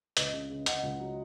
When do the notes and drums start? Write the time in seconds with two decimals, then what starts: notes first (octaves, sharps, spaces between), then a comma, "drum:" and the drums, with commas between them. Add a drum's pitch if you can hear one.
0.17 C#2 B4 D#5, drum: hi-hat
0.33 C#3
0.50 C#3
0.66 C#3 D#5 F#5, drum: hi-hat
0.83 C#2
1.00 F#3